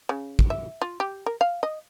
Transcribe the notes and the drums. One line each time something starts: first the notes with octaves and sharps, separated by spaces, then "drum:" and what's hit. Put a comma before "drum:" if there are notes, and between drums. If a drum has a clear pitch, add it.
C#3
drum: kick
E5
F4
G4
A#4
F5
D#5